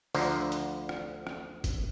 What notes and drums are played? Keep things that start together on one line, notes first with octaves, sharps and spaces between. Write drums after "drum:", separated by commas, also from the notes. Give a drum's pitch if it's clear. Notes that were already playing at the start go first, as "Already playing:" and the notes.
D2 D3 F3 C5 F#5 A#5, drum: open hi-hat
drum: hi-hat
drum: rim click
drum: rim click
drum: kick, hi-hat